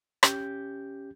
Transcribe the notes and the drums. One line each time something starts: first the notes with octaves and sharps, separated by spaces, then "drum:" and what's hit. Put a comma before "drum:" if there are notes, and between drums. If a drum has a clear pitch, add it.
C#4 G4 G6, drum: rim click